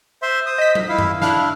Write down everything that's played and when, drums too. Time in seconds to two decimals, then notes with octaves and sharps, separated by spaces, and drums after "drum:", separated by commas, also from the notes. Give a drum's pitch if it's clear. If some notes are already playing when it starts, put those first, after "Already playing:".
0.22 C5 E5 C6
0.46 C5 D#6
0.58 D#5 B6
0.75 drum: tom F#3
0.89 E4 F5
0.98 drum: tom F#2
1.22 D4 E4 F5 F6 F#6, drum: snare